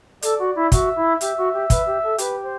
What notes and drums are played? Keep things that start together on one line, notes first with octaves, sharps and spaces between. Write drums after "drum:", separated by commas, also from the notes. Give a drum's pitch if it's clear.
A4 D5, drum: hi-hat
F#4
E4
F#4 E5, drum: kick, hi-hat
E4
G4 E5, drum: hi-hat
F#4
G4
B4, drum: kick, hi-hat
G4
A4
G4 B4, drum: hi-hat
C5